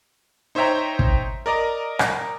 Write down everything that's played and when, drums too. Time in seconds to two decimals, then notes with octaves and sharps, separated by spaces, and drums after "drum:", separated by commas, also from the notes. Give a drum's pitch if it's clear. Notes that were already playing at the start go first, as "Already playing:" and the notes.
0.55 D#4 C5 C#5 E5 G5 A#5
0.99 drum: kick
1.46 A#4 D5 D#5 A#5
1.99 drum: rim click